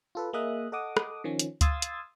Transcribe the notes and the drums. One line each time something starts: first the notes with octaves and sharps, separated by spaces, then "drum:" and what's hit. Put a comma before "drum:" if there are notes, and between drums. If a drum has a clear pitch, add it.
F4 A4 B4
A#3 G#4 D#5 E5 D#6 F#6
A4 D#5 F#5 D6 D#6
drum: rim click
D#3 F3 C#4
drum: hi-hat
F5 C6 D#6 E6 G#6 A6, drum: kick D2, hi-hat
drum: hi-hat